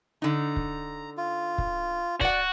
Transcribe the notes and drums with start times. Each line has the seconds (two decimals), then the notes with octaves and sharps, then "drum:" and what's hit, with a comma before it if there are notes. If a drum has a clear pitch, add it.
0.22 D3 D#4 A#5
0.56 drum: kick
1.18 F4
1.58 drum: kick
2.21 F#4 D5 F#5, drum: kick